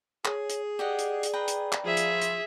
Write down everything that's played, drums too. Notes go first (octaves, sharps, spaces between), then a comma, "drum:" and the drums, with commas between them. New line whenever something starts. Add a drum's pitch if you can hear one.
G#4 C#5, drum: clap
drum: hi-hat
G4 D5 D#5 F#5
drum: hi-hat
drum: hi-hat
B4 G5 A#5
drum: hi-hat
drum: clap
F3 G#4 E5
drum: hi-hat
drum: hi-hat